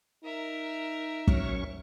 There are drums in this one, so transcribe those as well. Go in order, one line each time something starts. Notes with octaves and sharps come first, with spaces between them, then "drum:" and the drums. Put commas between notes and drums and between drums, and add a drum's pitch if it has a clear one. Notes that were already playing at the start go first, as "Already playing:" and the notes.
D#4 A#4 E5
F#3 C#4 C#6, drum: kick